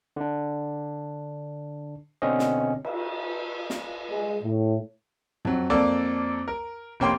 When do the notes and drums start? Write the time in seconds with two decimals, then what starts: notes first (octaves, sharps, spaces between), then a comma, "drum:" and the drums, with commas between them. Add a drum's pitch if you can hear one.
0.16 D3 D4
2.22 B2 D3 C4 C#4 D#5
2.39 drum: snare
2.85 drum: cymbal
3.70 drum: snare
4.09 G#3
4.42 A2
5.45 F2 F#3, drum: tom F#2
5.70 F2 A#3 A4 D5
6.48 A#4
7.00 F1 A#3 C#4 G5 C6 D6